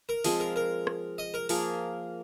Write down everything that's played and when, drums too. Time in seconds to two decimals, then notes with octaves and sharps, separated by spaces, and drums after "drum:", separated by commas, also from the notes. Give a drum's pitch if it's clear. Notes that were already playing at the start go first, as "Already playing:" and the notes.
0.09 A#4
0.24 F3 G#3 C4 G#4 D#5, drum: open hi-hat
0.40 A#4
0.56 A#4
0.87 drum: rim click
1.18 D#5
1.34 A#4
1.49 F3 A#3 G#4 A#4, drum: open hi-hat